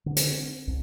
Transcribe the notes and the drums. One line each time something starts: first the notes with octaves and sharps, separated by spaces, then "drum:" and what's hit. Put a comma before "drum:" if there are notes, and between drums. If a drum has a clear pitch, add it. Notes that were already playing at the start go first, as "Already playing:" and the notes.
D3
drum: hi-hat
C4
C2